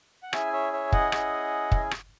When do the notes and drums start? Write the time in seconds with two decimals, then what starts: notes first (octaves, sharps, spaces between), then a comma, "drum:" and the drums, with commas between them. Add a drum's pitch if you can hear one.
0.23 F#5
0.33 C#4 E4 G#4 E5 G#5, drum: rim click
0.53 C#5 E5
0.73 C#5 E5
0.92 D#5 F#5, drum: kick
1.12 C#4 E4 G#4, drum: rim click
1.72 drum: kick
1.91 drum: rim click